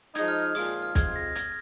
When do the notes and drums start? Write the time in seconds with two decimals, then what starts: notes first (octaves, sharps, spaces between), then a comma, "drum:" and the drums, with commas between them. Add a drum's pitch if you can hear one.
0.15 F3 G#3 D#4 G#6, drum: hi-hat
0.28 F6
0.42 F6
0.55 A#2 F3 G#3 F4 D#6, drum: open hi-hat
0.83 F6
0.95 C3 G#3 F4 G#6, drum: kick, hi-hat
1.16 A#6
1.35 G#6, drum: hi-hat